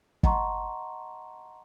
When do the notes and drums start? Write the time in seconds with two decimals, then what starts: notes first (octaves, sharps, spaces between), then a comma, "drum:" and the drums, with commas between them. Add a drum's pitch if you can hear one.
0.23 D#5 F#5 A5 A#5 C6 C#6, drum: kick